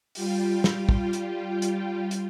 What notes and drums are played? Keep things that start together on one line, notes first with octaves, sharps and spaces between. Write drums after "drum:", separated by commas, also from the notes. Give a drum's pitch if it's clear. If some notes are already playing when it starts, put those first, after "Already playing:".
G3 F4 G4, drum: open hi-hat
drum: snare
drum: kick
drum: hi-hat
drum: hi-hat
drum: hi-hat